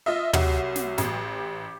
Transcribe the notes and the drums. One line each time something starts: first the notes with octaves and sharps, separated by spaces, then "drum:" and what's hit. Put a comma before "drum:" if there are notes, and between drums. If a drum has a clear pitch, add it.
F4 D#5 E5
C2 F#3 G4 F#5, drum: tom
drum: snare
A1 G4, drum: snare